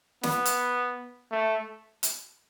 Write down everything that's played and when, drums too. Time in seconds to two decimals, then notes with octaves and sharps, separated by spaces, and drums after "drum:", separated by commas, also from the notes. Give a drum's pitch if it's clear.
0.23 B3, drum: snare
0.46 drum: hi-hat
1.31 A3
2.03 drum: hi-hat